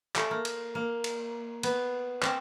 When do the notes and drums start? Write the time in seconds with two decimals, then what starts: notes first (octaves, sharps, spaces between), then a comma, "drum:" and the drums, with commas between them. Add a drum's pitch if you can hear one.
0.16 A3, drum: clap
0.31 A#3
0.45 drum: cymbal
0.75 A#3
1.04 drum: cymbal
1.63 B3, drum: cymbal
2.23 C4, drum: clap